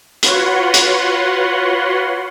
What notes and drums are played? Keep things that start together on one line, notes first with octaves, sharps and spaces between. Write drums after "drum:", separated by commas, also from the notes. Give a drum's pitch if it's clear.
F4 F#4 B4 C#5 F#5 C6, drum: hi-hat
drum: hi-hat